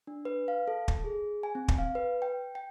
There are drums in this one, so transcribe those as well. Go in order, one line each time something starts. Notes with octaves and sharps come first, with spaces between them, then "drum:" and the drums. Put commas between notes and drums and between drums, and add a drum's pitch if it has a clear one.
D4
B4
F5
A4
drum: kick
G#4
G#5
C4
drum: kick
F5
B4
G5
G5